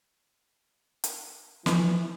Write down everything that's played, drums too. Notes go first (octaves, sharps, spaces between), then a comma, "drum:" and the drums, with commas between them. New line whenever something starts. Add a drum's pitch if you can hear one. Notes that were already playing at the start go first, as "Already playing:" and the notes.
drum: hi-hat
E3 F3, drum: snare